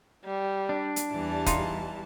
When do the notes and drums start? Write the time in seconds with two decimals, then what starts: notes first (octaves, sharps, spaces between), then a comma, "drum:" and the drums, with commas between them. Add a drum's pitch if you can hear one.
0.25 G3
0.69 D4
0.96 drum: hi-hat
1.12 E2 E3 G3 A5
1.46 D#4 F4, drum: kick, hi-hat